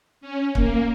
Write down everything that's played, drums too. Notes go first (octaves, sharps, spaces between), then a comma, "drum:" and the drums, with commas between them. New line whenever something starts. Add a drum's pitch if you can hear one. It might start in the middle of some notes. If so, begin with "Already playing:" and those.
C#4
A#3, drum: kick